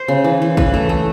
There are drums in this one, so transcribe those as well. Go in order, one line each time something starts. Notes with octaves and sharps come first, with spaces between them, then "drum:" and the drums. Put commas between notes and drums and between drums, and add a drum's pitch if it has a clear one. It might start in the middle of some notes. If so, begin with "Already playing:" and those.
Already playing: C5
C#3
E3
E3
E3 B4, drum: kick
A3
A3